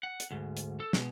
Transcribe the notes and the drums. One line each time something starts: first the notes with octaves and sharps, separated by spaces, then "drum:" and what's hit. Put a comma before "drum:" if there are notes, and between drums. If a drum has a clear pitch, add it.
F#5
drum: hi-hat
D2 G#2
drum: hi-hat
A4
B2 G#3, drum: snare